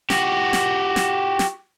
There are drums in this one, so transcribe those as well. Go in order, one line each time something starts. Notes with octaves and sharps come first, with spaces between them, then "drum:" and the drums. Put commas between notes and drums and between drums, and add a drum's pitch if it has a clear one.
F#4 G4, drum: snare
drum: snare
drum: snare
drum: snare